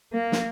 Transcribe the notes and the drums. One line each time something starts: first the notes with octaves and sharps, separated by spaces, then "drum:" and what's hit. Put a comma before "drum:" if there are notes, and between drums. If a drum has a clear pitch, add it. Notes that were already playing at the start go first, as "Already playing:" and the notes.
A#3
drum: snare